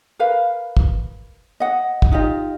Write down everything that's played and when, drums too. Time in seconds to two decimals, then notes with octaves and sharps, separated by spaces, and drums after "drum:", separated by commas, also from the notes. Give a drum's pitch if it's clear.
0.19 A#4 B4 F5
0.77 drum: kick
1.60 D#5 F#5
2.02 drum: kick
2.11 D#4 F4 G4 D#5